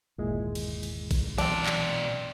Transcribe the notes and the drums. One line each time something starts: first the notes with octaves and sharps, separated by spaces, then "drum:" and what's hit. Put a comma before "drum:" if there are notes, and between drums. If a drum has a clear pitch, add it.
G1 D#2 A#2 G#3 E4
drum: cymbal
drum: cymbal
drum: kick A1, cymbal
B2 E3 F#3 C4 D4 D5, drum: cymbal
drum: clap